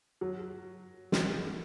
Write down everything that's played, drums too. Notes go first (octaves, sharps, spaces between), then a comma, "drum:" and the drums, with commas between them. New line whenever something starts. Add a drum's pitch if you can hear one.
F#3
F#3, drum: snare